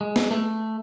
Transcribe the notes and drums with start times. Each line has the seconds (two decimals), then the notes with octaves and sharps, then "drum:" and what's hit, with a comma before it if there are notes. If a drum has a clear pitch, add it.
0.01 G#3
0.16 drum: snare
0.31 A3